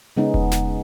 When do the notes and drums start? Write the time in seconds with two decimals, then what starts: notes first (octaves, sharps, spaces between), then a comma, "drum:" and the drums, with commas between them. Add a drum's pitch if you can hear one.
0.17 C#3 G#3 B3 C#4 D#4
0.34 drum: kick E1
0.51 drum: snare